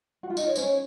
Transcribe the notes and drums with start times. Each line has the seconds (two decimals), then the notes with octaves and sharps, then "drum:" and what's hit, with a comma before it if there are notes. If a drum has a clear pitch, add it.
0.23 F#4
0.30 F4
0.37 D#4 D#5, drum: tambourine
0.47 C#5
0.55 C#4 C5, drum: tambourine
0.64 C#5